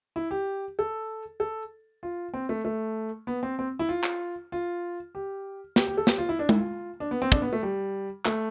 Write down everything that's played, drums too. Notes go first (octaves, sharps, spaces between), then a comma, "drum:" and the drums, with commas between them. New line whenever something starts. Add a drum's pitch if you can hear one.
E4
G4
A4
A4
F4
C4
A3
A3
B3
C4
C4
E4
F4
drum: clap
F4
G4
G4, drum: snare
G4
A4
G4, drum: snare
F4
E4
D4
E4, drum: tom G#3
F4
D4
B3
C4
D4, drum: kick
B3
A3
G3
A3, drum: clap